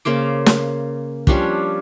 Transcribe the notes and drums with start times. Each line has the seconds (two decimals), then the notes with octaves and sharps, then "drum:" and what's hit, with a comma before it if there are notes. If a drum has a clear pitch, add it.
0.05 C#3 A#3 C5 D6
0.46 drum: snare
1.27 F3 G3 C#4 D4, drum: kick